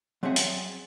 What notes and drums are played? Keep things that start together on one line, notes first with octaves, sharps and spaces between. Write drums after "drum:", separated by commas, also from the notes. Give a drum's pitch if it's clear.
F#3 C4 C#4 G#4 E5 F#5
drum: hi-hat